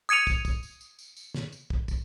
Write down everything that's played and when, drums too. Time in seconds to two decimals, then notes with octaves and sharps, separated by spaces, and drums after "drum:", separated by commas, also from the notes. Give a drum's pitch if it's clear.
0.09 D#6 G#6 C#7 D#7 F7
0.27 drum: kick, tambourine
0.45 drum: kick, tambourine
0.63 drum: tambourine
0.81 drum: tambourine
0.99 drum: tambourine
1.17 drum: tambourine
1.34 drum: snare
1.52 drum: tambourine
1.70 drum: kick
1.88 drum: kick, tambourine